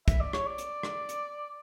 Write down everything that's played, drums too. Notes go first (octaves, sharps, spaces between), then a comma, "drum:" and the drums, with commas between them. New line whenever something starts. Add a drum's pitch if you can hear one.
E5, drum: kick, hi-hat
D5
C#5, drum: rim click
D5
drum: hi-hat
drum: rim click
drum: hi-hat